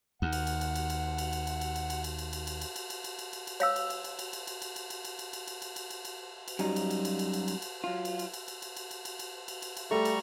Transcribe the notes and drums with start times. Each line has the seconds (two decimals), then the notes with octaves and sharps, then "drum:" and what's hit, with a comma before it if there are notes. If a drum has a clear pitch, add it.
0.22 D#2 F#5
0.33 drum: cymbal
0.47 drum: cymbal
0.61 drum: cymbal
0.75 drum: cymbal
0.90 drum: cymbal
1.18 drum: cymbal
1.33 drum: cymbal
1.47 drum: cymbal
1.61 drum: cymbal
1.76 drum: cymbal
1.90 drum: cymbal
2.04 drum: cymbal
2.18 drum: cymbal
2.33 drum: cymbal
2.47 drum: cymbal
2.61 drum: cymbal
2.76 drum: cymbal
2.90 drum: cymbal
3.04 drum: cymbal
3.19 drum: cymbal
3.33 drum: cymbal
3.47 drum: cymbal
3.60 C#5 F5 E6, drum: cymbal
3.76 drum: cymbal
3.90 drum: cymbal
4.04 drum: cymbal
4.19 drum: cymbal
4.33 drum: cymbal
4.47 drum: cymbal
4.62 drum: cymbal
4.76 drum: cymbal
4.90 drum: cymbal
5.05 drum: cymbal
5.19 drum: cymbal
5.33 drum: cymbal
5.47 drum: cymbal
5.62 drum: cymbal
5.76 drum: cymbal
5.90 drum: cymbal
6.05 drum: cymbal
6.48 drum: cymbal
6.59 F#2 F#3 G3 D#4, drum: cymbal
6.76 drum: cymbal
6.91 drum: cymbal
7.05 drum: cymbal
7.19 drum: cymbal
7.33 drum: cymbal
7.48 drum: cymbal
7.62 drum: cymbal
7.84 F#3 F4
8.05 drum: cymbal
8.19 drum: cymbal
8.34 drum: cymbal
8.48 drum: cymbal
8.62 drum: cymbal
8.76 drum: cymbal
8.91 drum: cymbal
9.05 drum: cymbal
9.19 drum: cymbal
9.48 drum: cymbal
9.62 drum: cymbal
9.77 drum: cymbal
9.91 G3 A3 A#5 C#6
10.05 drum: cymbal